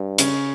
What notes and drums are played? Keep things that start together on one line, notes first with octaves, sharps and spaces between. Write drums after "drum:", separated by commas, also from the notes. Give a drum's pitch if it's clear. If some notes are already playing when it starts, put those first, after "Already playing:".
Already playing: G2
C#3 C#4, drum: hi-hat